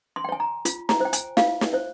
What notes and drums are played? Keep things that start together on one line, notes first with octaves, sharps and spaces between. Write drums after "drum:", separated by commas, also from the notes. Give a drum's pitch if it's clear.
C6
G5
C#5 G#5
A#5
F4, drum: hi-hat
A#5, drum: snare
C5 G5
G#5, drum: hi-hat
F4 F5, drum: snare
drum: snare
C5 C#5